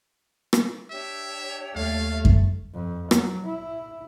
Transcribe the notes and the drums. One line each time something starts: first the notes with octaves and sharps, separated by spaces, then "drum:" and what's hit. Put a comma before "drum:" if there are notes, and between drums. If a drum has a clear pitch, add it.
drum: rim click
D4 G4 C#5 E5
D#2 A3 F5
drum: kick F#2
F2
F#3, drum: rim click
E4